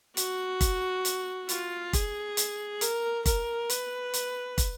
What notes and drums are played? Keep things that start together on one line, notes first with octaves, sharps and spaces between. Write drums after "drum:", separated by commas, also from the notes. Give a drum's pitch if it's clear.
F#4, drum: hi-hat
drum: kick, hi-hat
drum: hi-hat
F4, drum: hi-hat
G#4, drum: kick, hi-hat
drum: hi-hat
A#4, drum: hi-hat
A#4, drum: kick, hi-hat
B4, drum: hi-hat
drum: hi-hat
drum: kick, hi-hat